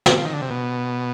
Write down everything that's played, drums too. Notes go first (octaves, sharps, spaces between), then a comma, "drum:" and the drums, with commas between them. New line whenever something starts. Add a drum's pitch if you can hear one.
drum: snare
F3
D#3
D3
C3
B2